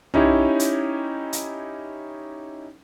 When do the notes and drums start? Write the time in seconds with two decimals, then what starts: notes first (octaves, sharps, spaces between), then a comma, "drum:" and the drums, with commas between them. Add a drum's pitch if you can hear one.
0.14 C#4 D#4 E4 G4 C#5, drum: tom B1
0.59 drum: hi-hat
1.33 drum: hi-hat